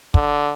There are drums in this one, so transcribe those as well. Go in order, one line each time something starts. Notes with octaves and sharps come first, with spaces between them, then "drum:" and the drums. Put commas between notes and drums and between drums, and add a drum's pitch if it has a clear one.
D3, drum: kick